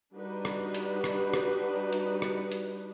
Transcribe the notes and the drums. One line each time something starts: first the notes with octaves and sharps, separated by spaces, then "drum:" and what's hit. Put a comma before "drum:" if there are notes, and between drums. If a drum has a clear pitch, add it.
G3 D4 D#4 F#4 B4
drum: rim click
drum: hi-hat
drum: rim click
drum: rim click
drum: hi-hat
drum: rim click
drum: hi-hat